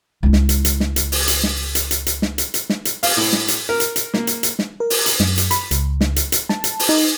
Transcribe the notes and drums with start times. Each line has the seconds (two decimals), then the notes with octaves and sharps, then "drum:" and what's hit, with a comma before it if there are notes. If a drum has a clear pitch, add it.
0.23 C#2 E4
0.33 drum: snare
0.49 drum: hi-hat
0.65 drum: hi-hat
0.80 drum: snare
0.96 drum: hi-hat
1.12 drum: open hi-hat
1.28 drum: hi-hat
1.43 drum: snare
1.75 drum: hi-hat
1.91 drum: hi-hat
2.06 drum: hi-hat
2.22 drum: snare
2.38 drum: hi-hat
2.54 drum: hi-hat
2.70 drum: snare
2.85 drum: hi-hat
3.03 F5, drum: open hi-hat
3.17 A2
3.33 drum: snare
3.48 drum: hi-hat
3.69 A#4
3.80 drum: hi-hat
3.96 drum: hi-hat
4.14 A#3, drum: snare
4.27 drum: hi-hat
4.43 drum: hi-hat
4.59 drum: snare
4.80 A#4
4.90 drum: open hi-hat
5.06 drum: hi-hat
5.20 F#2, drum: snare
5.38 drum: hi-hat
5.51 B5, drum: hi-hat
5.71 C#2, drum: hi-hat
6.01 drum: snare
6.16 drum: hi-hat
6.32 drum: hi-hat
6.49 A5, drum: snare
6.64 drum: hi-hat
6.79 drum: open hi-hat
6.89 D#4